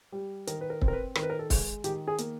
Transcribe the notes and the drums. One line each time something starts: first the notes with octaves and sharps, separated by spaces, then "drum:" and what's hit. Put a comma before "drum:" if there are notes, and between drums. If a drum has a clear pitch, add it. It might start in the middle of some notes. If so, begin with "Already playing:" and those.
G3
D#3 A#4, drum: hi-hat
B4
A#4
C4, drum: kick
A#4
B4
D#3 A#4, drum: rim click
B4
A#4
A4
G#3, drum: kick, open hi-hat
D#3 G4, drum: hi-hat
G#4
A#3, drum: hi-hat